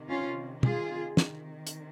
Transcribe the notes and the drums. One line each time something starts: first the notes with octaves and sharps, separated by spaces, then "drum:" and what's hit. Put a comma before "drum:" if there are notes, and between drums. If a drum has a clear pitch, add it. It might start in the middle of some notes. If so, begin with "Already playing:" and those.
Already playing: C3 D#3
C#4 F4
F4 G#4, drum: tom
C3 D#3, drum: snare
drum: hi-hat